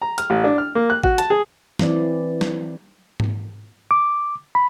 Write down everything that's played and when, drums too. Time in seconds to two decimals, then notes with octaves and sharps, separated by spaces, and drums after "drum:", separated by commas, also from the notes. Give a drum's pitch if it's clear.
0.02 A#5
0.18 F6, drum: hi-hat
0.30 A1
0.44 D4
0.58 F6
0.75 A#3
0.90 F#6
1.03 F#4, drum: kick G#1
1.18 A5, drum: hi-hat
1.30 G#4
1.79 E3 C4 E4 D5, drum: snare
2.41 drum: snare
3.20 drum: tom G#2
3.91 D6
4.55 B5